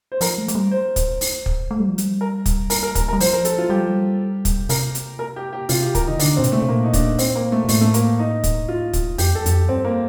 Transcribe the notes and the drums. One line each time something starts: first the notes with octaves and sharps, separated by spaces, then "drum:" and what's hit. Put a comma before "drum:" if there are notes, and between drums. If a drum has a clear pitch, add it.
C5
F3 A#4, drum: open hi-hat
A3
A3, drum: hi-hat
G3
C5
drum: kick, hi-hat
drum: open hi-hat
drum: kick
A3
G3
F3
G3, drum: hi-hat
A#4
drum: kick, hi-hat
A#4, drum: open hi-hat
A#4
A#4, drum: kick, hi-hat
A#4
G3
F3 C5, drum: open hi-hat
A#4
A4, drum: hi-hat
F4
G3 G4
F3
G3
drum: kick, hi-hat
C3 A#4, drum: open hi-hat
drum: hi-hat
A#4
G4
G4
C3 F4, drum: open hi-hat
G4
A#4, drum: kick, hi-hat
D#3 D#4
D3 D4, drum: open hi-hat
A#2 C4
C3, drum: hi-hat
A3
C3
A#2 A#3
D#4
D4, drum: kick, hi-hat
C4, drum: open hi-hat
A#3
A3
A#2
A2 A3, drum: open hi-hat
A3
A#3, drum: hi-hat
D#4
drum: kick, hi-hat
F4
drum: kick, hi-hat
F2 G4, drum: open hi-hat
A4
F2, drum: hi-hat
G4
G2 C4
A#3